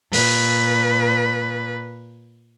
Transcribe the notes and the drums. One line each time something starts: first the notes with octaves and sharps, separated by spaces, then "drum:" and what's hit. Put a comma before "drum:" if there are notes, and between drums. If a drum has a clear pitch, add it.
A#2 B4, drum: open hi-hat